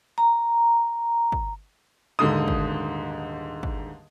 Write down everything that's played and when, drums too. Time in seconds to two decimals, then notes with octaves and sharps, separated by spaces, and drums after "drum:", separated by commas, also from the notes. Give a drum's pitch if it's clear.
0.18 A#5
1.32 drum: kick
2.19 D#1 G#2 D3 D#6
2.48 drum: kick
3.63 drum: kick